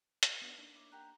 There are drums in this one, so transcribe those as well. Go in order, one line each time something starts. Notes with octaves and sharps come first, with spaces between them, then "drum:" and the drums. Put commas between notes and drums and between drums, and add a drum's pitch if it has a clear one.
E5, drum: hi-hat
B3 D4 G4
A#3 D4 D#4
E4 C#5 D6
G4 A#4 F#5